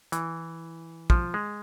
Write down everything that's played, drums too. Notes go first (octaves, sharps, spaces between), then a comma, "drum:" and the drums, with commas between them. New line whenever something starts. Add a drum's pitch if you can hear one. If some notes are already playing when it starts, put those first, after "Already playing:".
E3, drum: hi-hat
F3, drum: kick
G#3